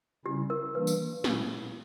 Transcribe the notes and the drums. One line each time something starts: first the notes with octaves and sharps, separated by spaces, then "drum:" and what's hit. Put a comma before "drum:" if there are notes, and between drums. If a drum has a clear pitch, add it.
C#3 G3 C#4 E4 G4
A#4
E3 G3 A#3 D4 B4
drum: tambourine
A#2 F#3 C#4 E4, drum: snare